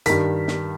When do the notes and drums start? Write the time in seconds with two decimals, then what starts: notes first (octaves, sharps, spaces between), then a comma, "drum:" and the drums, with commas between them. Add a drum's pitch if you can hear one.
0.06 G2 D#3 B6, drum: hi-hat
0.48 drum: snare